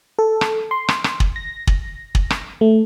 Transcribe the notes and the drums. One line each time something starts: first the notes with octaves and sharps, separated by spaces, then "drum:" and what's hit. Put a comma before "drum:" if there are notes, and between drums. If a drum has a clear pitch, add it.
A4
drum: rim click
C6
drum: rim click
drum: rim click
drum: kick
A#6
drum: kick
drum: kick
drum: rim click
A3